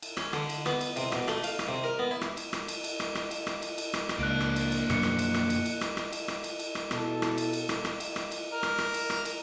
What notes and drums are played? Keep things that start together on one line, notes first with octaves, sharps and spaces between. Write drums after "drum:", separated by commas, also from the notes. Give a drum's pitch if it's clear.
drum: cymbal
C#4, drum: rim click
D3, drum: rim click
drum: cymbal
B3, drum: rim click
drum: cymbal
C3, drum: cymbal
B2, drum: rim click
A3, drum: rim click
F5, drum: cymbal
drum: rim click
C3
A#4
B3
E4
drum: rim click
drum: cymbal
drum: rim click
drum: cymbal
drum: cymbal
drum: rim click
drum: rim click
drum: cymbal
drum: rim click
drum: cymbal
drum: cymbal
drum: rim click
drum: rim click
C#2 A#3 D4 F#6 D7
drum: rim click
drum: cymbal
drum: cymbal
F#2 B2 D3 C#7, drum: rim click
drum: rim click
drum: cymbal
drum: rim click
drum: cymbal
drum: cymbal
drum: rim click
drum: rim click
drum: cymbal
drum: rim click
drum: cymbal
drum: cymbal
drum: rim click
B2 E4 A4, drum: rim click
drum: rim click
drum: cymbal
drum: cymbal
drum: rim click
drum: rim click
drum: cymbal
drum: rim click
drum: cymbal
A#4
drum: rim click
drum: rim click
drum: cymbal
drum: rim click
drum: cymbal